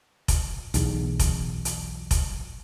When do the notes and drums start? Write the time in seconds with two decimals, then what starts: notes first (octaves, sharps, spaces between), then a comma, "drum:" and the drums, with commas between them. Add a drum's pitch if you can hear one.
0.28 drum: kick F1, hi-hat
0.74 B1 E2, drum: hi-hat
1.19 drum: kick F1, hi-hat
1.65 drum: hi-hat
2.11 drum: kick F1, hi-hat